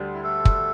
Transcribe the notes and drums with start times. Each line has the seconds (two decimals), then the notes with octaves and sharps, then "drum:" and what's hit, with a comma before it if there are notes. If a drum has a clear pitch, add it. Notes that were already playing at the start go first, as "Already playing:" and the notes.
Already playing: D2 D3 G3
0.13 E4
0.23 A3 A4
0.45 drum: kick